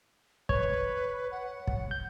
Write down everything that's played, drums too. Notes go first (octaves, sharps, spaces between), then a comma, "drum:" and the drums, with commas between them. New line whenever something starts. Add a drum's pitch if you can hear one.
B4 C#5, drum: kick
F#5
drum: kick
G6